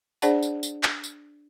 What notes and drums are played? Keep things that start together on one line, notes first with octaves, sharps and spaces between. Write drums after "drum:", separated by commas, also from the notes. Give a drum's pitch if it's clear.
D4 G#4 C5 D5 F#5 A5, drum: tambourine
drum: tambourine
drum: tambourine
drum: clap
drum: tambourine